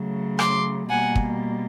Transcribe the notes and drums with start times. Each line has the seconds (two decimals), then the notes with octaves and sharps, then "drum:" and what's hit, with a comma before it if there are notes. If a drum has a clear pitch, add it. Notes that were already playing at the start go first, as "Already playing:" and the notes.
Already playing: C#3 F#3 A3
0.39 C6 D6, drum: rim click
0.89 B2 G3 A#3 F#5 G#5
1.15 drum: kick